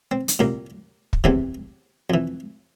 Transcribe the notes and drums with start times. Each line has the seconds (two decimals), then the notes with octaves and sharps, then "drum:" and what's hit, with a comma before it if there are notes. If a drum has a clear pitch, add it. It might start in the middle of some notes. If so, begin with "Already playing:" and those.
0.11 C4
0.28 drum: hi-hat
0.39 C2 A#2 A#3
1.13 drum: kick
1.24 E2 C3 E3 C4, drum: kick
2.10 F2 E3